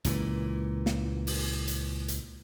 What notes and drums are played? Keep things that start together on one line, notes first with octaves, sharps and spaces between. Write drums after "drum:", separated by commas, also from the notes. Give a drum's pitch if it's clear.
C#2 A#2 E3, drum: hi-hat
drum: snare
drum: open hi-hat
drum: hi-hat
drum: hi-hat